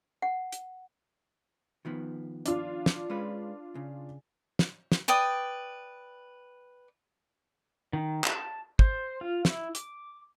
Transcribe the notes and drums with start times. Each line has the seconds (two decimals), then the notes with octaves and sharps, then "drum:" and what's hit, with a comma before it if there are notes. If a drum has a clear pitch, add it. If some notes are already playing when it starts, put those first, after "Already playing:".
0.22 F#5
0.52 drum: hi-hat
1.85 D#3 F3 B3
2.46 D4 F4, drum: hi-hat
2.86 drum: snare
3.10 G#3 C#4 B4
3.75 C#3
4.59 drum: snare
4.92 drum: snare
5.08 B4 D5 G5 D#6
7.93 D#3
8.24 A5, drum: clap
8.79 C5, drum: kick
9.21 F4
9.45 E4, drum: snare
9.75 D6, drum: hi-hat